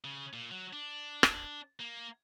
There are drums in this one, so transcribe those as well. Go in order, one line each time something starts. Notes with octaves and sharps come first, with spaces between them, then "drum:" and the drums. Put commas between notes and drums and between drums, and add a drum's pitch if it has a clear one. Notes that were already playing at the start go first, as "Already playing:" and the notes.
C#3
A#2
F#3
D4
drum: rim click
A#3